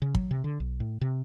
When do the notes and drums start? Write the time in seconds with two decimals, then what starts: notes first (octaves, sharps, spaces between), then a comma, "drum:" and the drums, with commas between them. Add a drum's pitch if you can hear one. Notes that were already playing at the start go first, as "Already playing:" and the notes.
0.02 C#3
0.15 F#3, drum: kick
0.31 C3
0.44 D3
0.60 B1
0.80 A2
1.01 C3